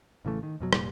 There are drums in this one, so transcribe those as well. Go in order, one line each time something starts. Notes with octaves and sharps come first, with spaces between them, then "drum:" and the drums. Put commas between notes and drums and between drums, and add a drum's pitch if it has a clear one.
A1 C#3 E3 A3
D#3
F2 B2 F#3
F1 A#2 G3, drum: rim click